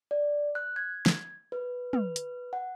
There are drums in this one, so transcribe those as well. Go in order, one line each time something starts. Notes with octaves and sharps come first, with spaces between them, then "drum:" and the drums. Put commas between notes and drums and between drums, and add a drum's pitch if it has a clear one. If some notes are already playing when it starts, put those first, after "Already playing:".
D5
F#6
G#6
drum: snare
B4
B4, drum: tom
drum: hi-hat
F#5